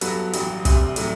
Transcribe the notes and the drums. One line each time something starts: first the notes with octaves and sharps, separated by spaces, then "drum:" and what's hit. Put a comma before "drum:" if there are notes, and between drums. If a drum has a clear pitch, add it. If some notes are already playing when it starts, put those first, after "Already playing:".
G2 F#3 B3 F#4 A4, drum: hi-hat
A1 G2 F#3, drum: hi-hat
D2 C3 G3, drum: kick, hi-hat
A2 F#3 A3, drum: hi-hat